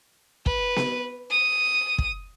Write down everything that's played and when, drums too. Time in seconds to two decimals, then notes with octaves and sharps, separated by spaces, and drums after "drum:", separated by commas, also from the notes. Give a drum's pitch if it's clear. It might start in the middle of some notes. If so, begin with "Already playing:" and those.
0.46 B4, drum: kick
0.76 drum: snare B3
1.31 D#6
1.98 drum: kick